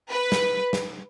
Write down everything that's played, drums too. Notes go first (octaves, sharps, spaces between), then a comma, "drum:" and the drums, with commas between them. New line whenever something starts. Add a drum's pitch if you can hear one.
B4
drum: snare
drum: snare